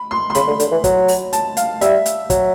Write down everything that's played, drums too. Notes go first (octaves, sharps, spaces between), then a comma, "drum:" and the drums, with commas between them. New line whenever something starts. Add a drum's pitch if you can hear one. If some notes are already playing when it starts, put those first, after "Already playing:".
Already playing: B5
C6
C6
C#3 B5, drum: hi-hat
D3
D3, drum: hi-hat
E3
F#3, drum: kick, hi-hat
drum: open hi-hat
A5, drum: hi-hat
F5, drum: hi-hat
G3 E5, drum: hi-hat
drum: hi-hat
F#3, drum: kick, hi-hat